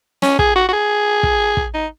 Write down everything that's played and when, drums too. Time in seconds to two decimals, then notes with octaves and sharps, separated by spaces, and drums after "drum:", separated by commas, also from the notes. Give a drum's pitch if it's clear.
0.22 C#4, drum: snare
0.39 G#4, drum: kick
0.56 F#4
0.68 F#4
0.73 G#4
1.23 drum: kick
1.57 drum: kick
1.74 D#4